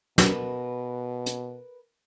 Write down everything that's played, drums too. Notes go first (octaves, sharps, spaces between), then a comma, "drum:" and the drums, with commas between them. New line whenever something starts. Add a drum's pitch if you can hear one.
B2 A#4 B4, drum: snare
drum: hi-hat